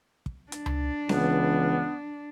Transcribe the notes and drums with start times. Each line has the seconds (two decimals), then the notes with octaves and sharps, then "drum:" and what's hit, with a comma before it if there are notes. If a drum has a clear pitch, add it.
0.26 drum: kick
0.52 D4, drum: hi-hat
0.66 drum: tom C#2
1.09 C#2 E3 B3, drum: snare C4